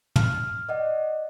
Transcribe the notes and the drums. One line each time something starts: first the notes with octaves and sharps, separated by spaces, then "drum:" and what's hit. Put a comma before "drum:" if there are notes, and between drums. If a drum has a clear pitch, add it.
F6, drum: tom
D5 D#5 F#5